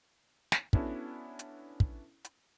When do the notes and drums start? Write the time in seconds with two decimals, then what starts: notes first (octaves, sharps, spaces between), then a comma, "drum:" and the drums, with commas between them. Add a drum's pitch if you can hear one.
0.52 drum: snare
0.73 B3 C#4 D4 E4 F#4 A4, drum: kick
1.39 drum: hi-hat
1.80 drum: kick
2.25 drum: hi-hat